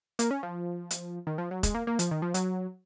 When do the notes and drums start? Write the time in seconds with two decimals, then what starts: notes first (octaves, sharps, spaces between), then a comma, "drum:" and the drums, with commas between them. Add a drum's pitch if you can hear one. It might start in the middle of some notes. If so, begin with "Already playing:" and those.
0.19 A#3, drum: hi-hat
0.31 C#4
0.43 F3
0.91 drum: hi-hat
1.27 D#3
1.38 F3
1.51 F#3
1.63 G#3, drum: kick E1, hi-hat
1.75 A#3
1.87 A#3
1.99 F3, drum: hi-hat
2.11 D#3
2.22 F3
2.34 F#3, drum: hi-hat